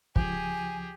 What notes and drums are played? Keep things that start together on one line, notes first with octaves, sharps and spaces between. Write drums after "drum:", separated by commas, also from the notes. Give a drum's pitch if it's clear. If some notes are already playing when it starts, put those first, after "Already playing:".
C#2 F3 G4 G#4 G#5, drum: kick